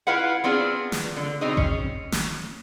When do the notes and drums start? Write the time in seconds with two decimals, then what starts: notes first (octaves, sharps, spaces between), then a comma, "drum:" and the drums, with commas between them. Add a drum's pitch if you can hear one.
0.07 E4 F4 B4 F5 F#5
0.44 B3 C4 D4 F4 G#4
0.92 drum: snare
1.17 D3
1.41 B2 C4 D#4 G#4
1.57 C#4, drum: kick A1
2.12 drum: snare